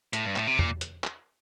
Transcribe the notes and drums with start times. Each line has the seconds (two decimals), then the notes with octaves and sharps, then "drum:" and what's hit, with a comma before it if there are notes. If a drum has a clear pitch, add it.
0.13 A2, drum: hi-hat
0.25 G2
0.36 A2, drum: clap
0.47 C3
0.59 A#2, drum: tom E2
0.81 drum: hi-hat
1.04 drum: clap